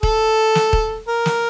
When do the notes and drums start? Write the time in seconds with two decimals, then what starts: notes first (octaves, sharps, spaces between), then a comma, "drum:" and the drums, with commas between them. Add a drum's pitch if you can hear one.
0.03 A4, drum: kick
0.55 drum: snare
0.73 drum: kick
1.08 A#4
1.26 drum: snare